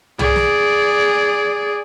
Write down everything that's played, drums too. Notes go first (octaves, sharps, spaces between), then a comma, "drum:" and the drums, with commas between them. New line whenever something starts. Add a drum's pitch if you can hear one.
G#4 D5, drum: tom
drum: snare